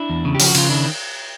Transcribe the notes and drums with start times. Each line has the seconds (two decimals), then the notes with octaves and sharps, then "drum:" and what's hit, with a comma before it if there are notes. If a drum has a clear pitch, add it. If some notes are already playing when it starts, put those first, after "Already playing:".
Already playing: D4 E4
0.10 E2
0.25 C#3
0.35 G4
0.40 F3, drum: open hi-hat
0.46 F#4
0.55 C#3 F4, drum: cymbal
0.69 D#3 D4 E4